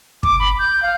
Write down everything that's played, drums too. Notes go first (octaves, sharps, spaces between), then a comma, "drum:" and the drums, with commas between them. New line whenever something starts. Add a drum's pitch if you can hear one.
D6, drum: kick
B5
G6
F5